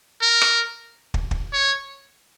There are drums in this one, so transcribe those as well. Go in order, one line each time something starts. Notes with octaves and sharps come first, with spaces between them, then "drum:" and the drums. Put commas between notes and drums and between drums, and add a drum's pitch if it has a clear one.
A#4
drum: rim click
drum: kick
drum: kick
C#5